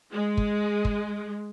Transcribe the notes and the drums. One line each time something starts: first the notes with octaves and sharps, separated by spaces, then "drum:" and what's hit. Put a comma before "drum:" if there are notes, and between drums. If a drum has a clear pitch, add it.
G#3
drum: kick
drum: kick